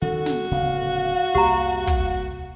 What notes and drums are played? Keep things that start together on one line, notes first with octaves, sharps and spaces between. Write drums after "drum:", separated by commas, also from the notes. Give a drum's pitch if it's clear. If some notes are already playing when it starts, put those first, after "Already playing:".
D#3 C#4 F#4 A4
drum: snare
D1 C#3 B3 F5
C2 F2 A#3 G4 A#5
drum: kick